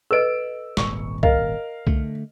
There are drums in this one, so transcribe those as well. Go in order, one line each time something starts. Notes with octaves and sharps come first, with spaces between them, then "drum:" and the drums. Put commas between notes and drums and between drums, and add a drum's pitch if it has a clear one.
A4 B4 D#5 E6 D7
D#1 G#1 C#6, drum: snare
A#4 D#5 F5, drum: kick C2
D3 A3, drum: kick C2